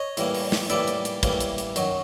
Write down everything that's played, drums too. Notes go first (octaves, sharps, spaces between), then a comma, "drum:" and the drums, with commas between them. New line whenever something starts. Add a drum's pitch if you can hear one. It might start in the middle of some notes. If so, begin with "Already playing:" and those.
Already playing: C#5 D#5
A2 E3 G3 A#3, drum: hi-hat
drum: open hi-hat
drum: snare
A2 E3 G3 A#3 D5 E5, drum: hi-hat
drum: hi-hat
drum: hi-hat
A2 E3 G3 A#3, drum: kick, hi-hat
drum: hi-hat
drum: hi-hat
F#2 D#3 F#3, drum: hi-hat